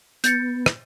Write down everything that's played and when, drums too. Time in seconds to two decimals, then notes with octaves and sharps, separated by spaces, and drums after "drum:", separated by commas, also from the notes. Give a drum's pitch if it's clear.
0.24 B3 G6 A6 C#7, drum: hi-hat
0.66 drum: rim click